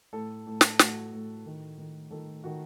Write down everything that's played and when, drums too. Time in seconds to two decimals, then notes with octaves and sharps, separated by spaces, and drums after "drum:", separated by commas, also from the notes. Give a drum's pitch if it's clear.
0.13 A2 A4
0.47 A2
0.61 drum: snare
0.79 A2 F#4, drum: snare
1.12 A2
1.46 D#3
1.78 D#3
2.11 D#3 A4
2.44 D#3 F#4